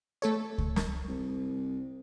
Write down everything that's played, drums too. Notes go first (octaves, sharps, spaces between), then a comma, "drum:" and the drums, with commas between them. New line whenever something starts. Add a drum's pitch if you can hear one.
A3 A4 C#5
drum: kick C#2
drum: snare
C2